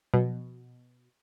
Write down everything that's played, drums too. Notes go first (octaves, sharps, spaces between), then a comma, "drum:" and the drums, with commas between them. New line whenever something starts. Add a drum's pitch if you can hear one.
B2, drum: tom F3